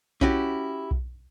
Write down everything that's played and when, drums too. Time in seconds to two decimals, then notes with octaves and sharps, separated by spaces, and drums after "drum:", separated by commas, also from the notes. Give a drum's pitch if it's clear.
0.21 C#4 E4 F#4 G4, drum: kick B1
0.91 drum: kick B1